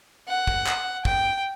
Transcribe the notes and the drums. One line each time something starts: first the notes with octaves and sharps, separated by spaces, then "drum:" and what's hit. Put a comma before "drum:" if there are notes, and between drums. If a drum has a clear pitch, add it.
F#5
drum: kick
drum: clap
G5, drum: kick